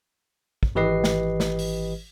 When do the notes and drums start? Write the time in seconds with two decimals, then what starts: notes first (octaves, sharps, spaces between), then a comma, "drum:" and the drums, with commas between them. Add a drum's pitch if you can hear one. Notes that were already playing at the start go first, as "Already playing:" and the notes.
0.63 drum: kick
0.75 G#1 E3 G4 B4 D#5 C7
1.04 drum: snare
1.40 drum: snare
1.59 drum: open hi-hat